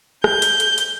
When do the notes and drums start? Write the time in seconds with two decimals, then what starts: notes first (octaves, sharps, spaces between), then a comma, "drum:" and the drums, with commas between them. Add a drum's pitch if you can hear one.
0.24 G6, drum: rim click
0.42 drum: hi-hat
0.60 drum: hi-hat
0.78 drum: hi-hat